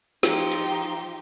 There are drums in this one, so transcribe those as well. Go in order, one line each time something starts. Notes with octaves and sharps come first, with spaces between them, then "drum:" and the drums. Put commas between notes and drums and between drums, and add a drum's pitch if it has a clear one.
F3 D#4 G4 C6, drum: snare
drum: hi-hat